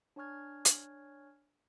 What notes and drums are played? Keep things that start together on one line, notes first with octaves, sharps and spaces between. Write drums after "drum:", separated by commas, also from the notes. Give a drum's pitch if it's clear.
D4 C#5 G#5 C#6 F6 G#6
drum: hi-hat